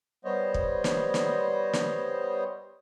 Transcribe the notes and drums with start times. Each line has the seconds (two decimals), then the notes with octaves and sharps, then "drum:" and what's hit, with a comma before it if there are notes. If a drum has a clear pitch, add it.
0.25 G3 B3 C5 C#5 D#5
0.54 drum: kick
0.84 drum: snare
1.14 drum: snare
1.73 drum: snare